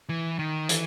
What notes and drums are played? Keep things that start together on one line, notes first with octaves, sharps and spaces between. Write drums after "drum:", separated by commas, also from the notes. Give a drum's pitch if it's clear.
E3
D#3
E3, drum: hi-hat